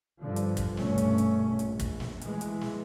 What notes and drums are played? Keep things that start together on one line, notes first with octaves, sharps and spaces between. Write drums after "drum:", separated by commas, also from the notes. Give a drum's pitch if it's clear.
G2 D3 F3
drum: hi-hat
drum: kick, hi-hat
C2 G2 B2 A3 C#4, drum: snare
drum: hi-hat
drum: hi-hat
A#1
drum: hi-hat
drum: kick, hi-hat
drum: snare
E3 G#3, drum: hi-hat
drum: hi-hat
drum: snare